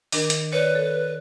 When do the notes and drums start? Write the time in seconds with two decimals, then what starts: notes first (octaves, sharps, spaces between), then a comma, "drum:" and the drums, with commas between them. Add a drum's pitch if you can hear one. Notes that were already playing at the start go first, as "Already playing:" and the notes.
0.12 D#3 D4 A#4, drum: open hi-hat
0.30 drum: hi-hat
0.53 B4 C#5 D5
0.75 A4 C#5